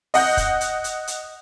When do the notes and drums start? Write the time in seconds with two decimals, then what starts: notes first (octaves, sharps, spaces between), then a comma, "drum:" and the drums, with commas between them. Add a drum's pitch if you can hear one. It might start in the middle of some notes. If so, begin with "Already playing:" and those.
0.14 D#5 F#5 G6, drum: open hi-hat
0.37 drum: kick, hi-hat
0.61 drum: hi-hat
0.84 drum: hi-hat
1.07 drum: hi-hat